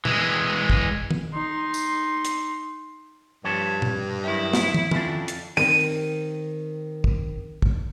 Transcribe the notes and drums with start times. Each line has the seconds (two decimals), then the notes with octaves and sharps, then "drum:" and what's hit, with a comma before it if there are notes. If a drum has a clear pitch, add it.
0.05 E3 G#3, drum: tom A#2
0.70 drum: kick
1.11 drum: tom
1.33 D#4 C6
1.74 drum: tambourine
2.25 drum: hi-hat
3.44 G2 F3 C#5 A5
3.82 drum: tom A#2
4.24 F#2 D#3 E4
4.53 drum: snare
4.74 drum: tom
4.91 F2 C#3 D4, drum: tom
5.28 drum: hi-hat
5.57 D#3 C4 D#7, drum: open hi-hat
7.04 drum: kick
7.62 drum: kick